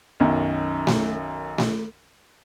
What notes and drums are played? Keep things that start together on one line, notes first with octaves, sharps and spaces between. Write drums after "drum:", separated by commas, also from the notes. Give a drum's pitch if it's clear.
B1 F#2 D#3
drum: snare A3
drum: snare A3